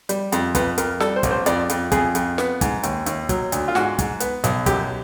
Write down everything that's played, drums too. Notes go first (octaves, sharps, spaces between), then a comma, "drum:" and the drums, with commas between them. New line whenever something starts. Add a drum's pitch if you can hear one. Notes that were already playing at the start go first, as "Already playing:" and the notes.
G3, drum: hi-hat
F2, drum: hi-hat
F2 B4, drum: kick, hi-hat
F2 A#4, drum: hi-hat
G3 A4, drum: snare
C5
A1, drum: kick, hi-hat
C5
F2 D5, drum: hi-hat
F2, drum: hi-hat
F2 G#4, drum: kick, hi-hat
F2, drum: hi-hat
B3, drum: snare
G#2, drum: kick, hi-hat
D#2, drum: hi-hat
D#2, drum: hi-hat
F#3, drum: kick, hi-hat
D2, drum: hi-hat
F4
G#2 F#4, drum: snare
G#2, drum: kick, hi-hat
B3, drum: hi-hat
B1, drum: hi-hat
F#2 G4, drum: kick, hi-hat